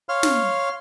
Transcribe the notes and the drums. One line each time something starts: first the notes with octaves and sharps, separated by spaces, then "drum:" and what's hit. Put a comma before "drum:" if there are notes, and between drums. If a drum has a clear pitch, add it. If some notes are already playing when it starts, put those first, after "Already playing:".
C#5 F5 C6 F6
drum: snare